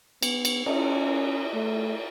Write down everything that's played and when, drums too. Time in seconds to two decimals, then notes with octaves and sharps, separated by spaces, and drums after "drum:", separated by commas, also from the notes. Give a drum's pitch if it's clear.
0.23 B3, drum: cymbal
0.45 drum: cymbal
0.66 C#4, drum: cymbal
1.54 A3